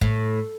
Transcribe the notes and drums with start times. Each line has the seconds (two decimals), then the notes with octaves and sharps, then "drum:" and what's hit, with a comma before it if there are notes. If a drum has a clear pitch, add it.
0.01 A2, drum: kick